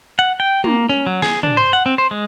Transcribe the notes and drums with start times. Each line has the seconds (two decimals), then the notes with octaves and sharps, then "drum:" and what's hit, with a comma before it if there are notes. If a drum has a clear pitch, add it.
0.19 F#5
0.40 G5
0.64 A#3, drum: tom
0.89 C#4
1.06 F#3
1.22 G#4, drum: snare
1.43 D4, drum: tom
1.57 C5
1.73 F#5
1.86 C4
1.98 C5
2.11 G#3